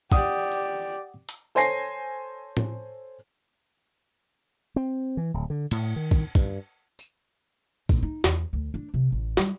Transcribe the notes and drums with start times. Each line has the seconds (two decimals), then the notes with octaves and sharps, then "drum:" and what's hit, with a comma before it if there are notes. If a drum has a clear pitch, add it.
0.12 G4 D5 F#5 D#6, drum: kick
0.52 drum: tambourine
1.29 drum: hi-hat
1.55 A4 C5 C#5 G#5 A#6 C7
2.57 drum: tom A2
4.76 C4
5.17 E3
5.34 D1
5.50 D3
5.71 A2, drum: cymbal
5.96 D#3
6.11 drum: kick
6.35 G2, drum: kick
6.99 drum: tambourine
7.89 A#1, drum: kick
8.03 D#4
8.24 E2, drum: snare
8.53 D2
8.74 D4
8.94 C3
9.12 A1
9.37 G3, drum: snare